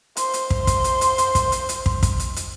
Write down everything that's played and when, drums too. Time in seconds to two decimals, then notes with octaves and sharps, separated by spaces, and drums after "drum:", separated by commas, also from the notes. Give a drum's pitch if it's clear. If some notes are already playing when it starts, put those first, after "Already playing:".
0.17 C5 C6, drum: hi-hat
0.33 drum: hi-hat
0.50 drum: kick
0.67 drum: kick, hi-hat
0.84 drum: hi-hat
1.01 drum: hi-hat
1.18 drum: hi-hat
1.35 drum: kick, hi-hat
1.52 drum: hi-hat
1.69 drum: hi-hat
1.86 drum: kick
2.03 drum: kick, hi-hat
2.19 drum: hi-hat
2.36 drum: hi-hat